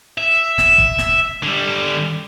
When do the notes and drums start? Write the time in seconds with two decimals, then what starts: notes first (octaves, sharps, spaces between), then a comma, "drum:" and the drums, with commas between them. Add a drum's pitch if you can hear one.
0.18 E5
0.58 drum: snare
0.78 drum: kick
0.98 drum: snare
1.43 D3 G3